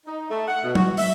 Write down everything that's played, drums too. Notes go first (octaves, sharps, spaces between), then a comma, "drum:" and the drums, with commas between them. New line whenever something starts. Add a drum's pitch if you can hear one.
D#4
A3
F#5
B2
F#4, drum: tom
E5, drum: open hi-hat